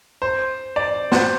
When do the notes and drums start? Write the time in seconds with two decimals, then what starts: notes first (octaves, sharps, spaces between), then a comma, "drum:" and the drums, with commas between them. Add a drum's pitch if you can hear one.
0.22 C5
0.76 D5
1.12 C5, drum: snare